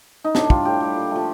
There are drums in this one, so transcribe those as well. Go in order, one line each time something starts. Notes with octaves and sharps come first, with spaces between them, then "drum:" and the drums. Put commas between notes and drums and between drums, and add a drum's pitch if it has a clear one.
D#4
A2 D4, drum: snare
G3 F4, drum: kick
A2 G4
G3
A#2
F3 A3